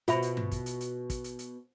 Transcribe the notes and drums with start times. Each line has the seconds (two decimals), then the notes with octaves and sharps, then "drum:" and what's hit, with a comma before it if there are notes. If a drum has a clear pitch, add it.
0.08 B2 F4 E5 B5, drum: hi-hat
0.22 drum: hi-hat
0.37 drum: tom G2
0.51 drum: kick, hi-hat
0.66 drum: hi-hat
0.81 drum: hi-hat
1.10 drum: kick, hi-hat
1.24 drum: hi-hat
1.39 drum: hi-hat